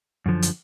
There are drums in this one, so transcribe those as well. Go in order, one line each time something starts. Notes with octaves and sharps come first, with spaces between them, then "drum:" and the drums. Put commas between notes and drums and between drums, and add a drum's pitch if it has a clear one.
F#2 D3 F3
drum: hi-hat